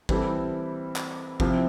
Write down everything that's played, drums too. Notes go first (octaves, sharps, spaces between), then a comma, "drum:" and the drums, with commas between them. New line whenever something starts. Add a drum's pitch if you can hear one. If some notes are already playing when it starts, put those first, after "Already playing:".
E3 G3 C4 E4 A4, drum: kick G#1
drum: clap
C3 F3 C4 E4, drum: kick G#1